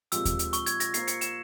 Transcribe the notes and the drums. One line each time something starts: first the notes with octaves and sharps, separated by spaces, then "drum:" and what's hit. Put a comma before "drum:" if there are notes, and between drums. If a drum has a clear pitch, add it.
A#2 F3 G#3 C4 G4 E6, drum: hi-hat
drum: kick D#2, hi-hat
drum: hi-hat
C#6, drum: hi-hat
G#6, drum: hi-hat
A#6, drum: hi-hat
A#3 F4 C5 C7, drum: hi-hat
C#7, drum: hi-hat
E7, drum: hi-hat